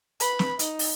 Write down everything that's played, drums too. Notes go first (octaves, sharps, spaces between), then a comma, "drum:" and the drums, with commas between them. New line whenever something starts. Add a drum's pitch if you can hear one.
B4 B5, drum: hi-hat
drum: snare
D#4, drum: hi-hat
drum: open hi-hat